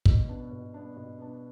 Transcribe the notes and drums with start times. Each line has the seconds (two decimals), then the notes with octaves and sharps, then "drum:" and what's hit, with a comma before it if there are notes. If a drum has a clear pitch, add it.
0.05 B2, drum: kick
0.29 B3 D4
0.51 B2
0.74 B3 D4
0.96 B2
1.19 B3 D4